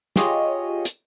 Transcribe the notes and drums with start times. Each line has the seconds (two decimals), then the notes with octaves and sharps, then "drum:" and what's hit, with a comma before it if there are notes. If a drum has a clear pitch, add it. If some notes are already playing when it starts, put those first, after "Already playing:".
0.16 F4 G4 G#4 C#5 D#5, drum: snare
0.85 drum: hi-hat